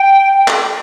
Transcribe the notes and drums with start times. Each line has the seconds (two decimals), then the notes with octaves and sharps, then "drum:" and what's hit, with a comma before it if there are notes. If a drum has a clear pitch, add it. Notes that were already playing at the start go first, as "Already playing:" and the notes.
Already playing: G5
0.48 drum: clap